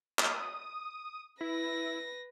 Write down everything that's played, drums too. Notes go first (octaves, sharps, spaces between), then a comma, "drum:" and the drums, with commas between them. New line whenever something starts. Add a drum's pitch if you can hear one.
D#6, drum: clap
E4 B4 A#6